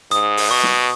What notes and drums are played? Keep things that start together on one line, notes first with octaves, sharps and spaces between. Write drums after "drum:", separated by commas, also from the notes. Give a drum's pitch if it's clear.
G#2 D#6, drum: hi-hat
drum: open hi-hat
B2 C#6
drum: snare